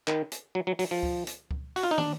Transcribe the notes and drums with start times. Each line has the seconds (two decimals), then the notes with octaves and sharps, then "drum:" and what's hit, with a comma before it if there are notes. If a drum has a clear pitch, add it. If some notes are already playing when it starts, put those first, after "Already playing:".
0.08 D#3, drum: clap
0.32 drum: hi-hat
0.55 F#3
0.67 F#3
0.79 F#3, drum: open hi-hat
0.91 F3
1.03 drum: kick C#2
1.27 drum: hi-hat
1.51 drum: kick C#2
1.76 F#4, drum: open hi-hat
1.83 F4
1.91 D#4
1.98 D4, drum: tom